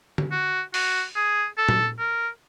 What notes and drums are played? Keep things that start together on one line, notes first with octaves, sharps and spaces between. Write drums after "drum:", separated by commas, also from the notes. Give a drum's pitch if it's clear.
drum: tom D3
F#4
F#4, drum: open hi-hat
G#4
A4
drum: tom
A#4